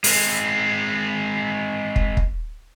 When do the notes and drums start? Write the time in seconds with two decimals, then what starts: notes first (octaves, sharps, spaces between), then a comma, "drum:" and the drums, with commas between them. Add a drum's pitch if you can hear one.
0.04 G#3 C4, drum: open hi-hat
1.96 drum: kick
2.17 drum: kick